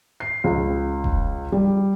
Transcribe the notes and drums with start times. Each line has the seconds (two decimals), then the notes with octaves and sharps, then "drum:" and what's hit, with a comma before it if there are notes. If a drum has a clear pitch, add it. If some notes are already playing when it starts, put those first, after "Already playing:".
0.20 C7
0.44 C#2
1.04 drum: kick E1
1.52 G3